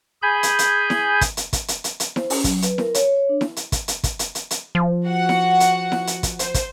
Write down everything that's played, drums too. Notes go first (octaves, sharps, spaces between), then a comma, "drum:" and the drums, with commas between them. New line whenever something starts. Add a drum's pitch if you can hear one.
G#4 G#5 B5 G6
drum: hi-hat
drum: hi-hat
drum: snare E4
drum: kick, hi-hat
drum: hi-hat
drum: kick, hi-hat
drum: hi-hat
drum: hi-hat
drum: hi-hat
C5, drum: snare E4
C#4, drum: open hi-hat
F#3, drum: kick, hi-hat
B4, drum: hi-hat
A#4, drum: snare E4
C#5, drum: hi-hat
C#5
D4
drum: snare E4
drum: hi-hat
drum: kick, hi-hat
drum: hi-hat
drum: kick, hi-hat
drum: hi-hat
drum: hi-hat
drum: hi-hat
F3
F#4 F#5
drum: snare E4
drum: hi-hat
drum: snare E4
drum: hi-hat
drum: kick, hi-hat
C5, drum: hi-hat
drum: kick, hi-hat